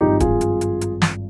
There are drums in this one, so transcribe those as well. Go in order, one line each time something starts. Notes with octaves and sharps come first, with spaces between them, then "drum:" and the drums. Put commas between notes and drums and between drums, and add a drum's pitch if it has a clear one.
G#1 G2 F3 D#4 G4
F4 G#4, drum: kick D#1, hi-hat
drum: hi-hat
drum: hi-hat
drum: hi-hat
drum: snare